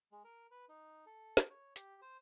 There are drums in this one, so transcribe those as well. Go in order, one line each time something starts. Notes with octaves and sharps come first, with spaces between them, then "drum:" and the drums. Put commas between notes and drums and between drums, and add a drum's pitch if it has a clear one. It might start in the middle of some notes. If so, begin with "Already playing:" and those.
G#3
A#4
B4
D#4
A4
drum: snare
C#5
G4, drum: hi-hat
C5